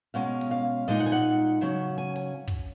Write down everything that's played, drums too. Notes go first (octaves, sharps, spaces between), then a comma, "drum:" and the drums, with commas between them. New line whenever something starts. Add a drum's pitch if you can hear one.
B2 G#3 C#4 F5
drum: hi-hat
F5
A#2 G#3 D#4 D#5
F#5
G#5
F#5
C#3 F#3 C#4
G#5
G#5, drum: hi-hat
drum: kick